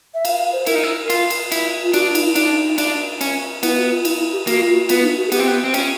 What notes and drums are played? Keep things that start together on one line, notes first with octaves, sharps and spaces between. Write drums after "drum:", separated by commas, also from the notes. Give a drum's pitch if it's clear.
E5
F5, drum: cymbal
F5
C5
E4 A#4, drum: cymbal
D#4
E4
F4, drum: cymbal
drum: cymbal
E4, drum: cymbal
F4
D4 F#4, drum: cymbal
F4
D#4, drum: cymbal
E4
D4 D#4, drum: cymbal
D4, drum: cymbal
C#4, drum: cymbal
B3 E4, drum: cymbal
F#4
F4
E4, drum: cymbal
E4
G4
A#3 F#4, drum: cymbal
F4
F#4
B3 F4, drum: cymbal
D#4
F#4
G#4
B3 G4, drum: cymbal
C4
B3
C4
C#4, drum: cymbal